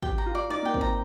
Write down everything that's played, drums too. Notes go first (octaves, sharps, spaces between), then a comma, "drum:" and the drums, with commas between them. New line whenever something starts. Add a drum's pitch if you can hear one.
G4 G5, drum: kick
A#5
F4
D5
D#4 D5
A#3 G5
C4, drum: kick
A#5